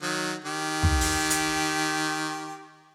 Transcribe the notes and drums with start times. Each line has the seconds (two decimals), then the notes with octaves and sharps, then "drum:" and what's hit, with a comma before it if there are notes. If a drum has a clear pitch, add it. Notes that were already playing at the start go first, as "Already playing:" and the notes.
0.02 D#3 F#3
0.45 D#3 G4
0.83 drum: tom
1.01 drum: open hi-hat
1.30 drum: hi-hat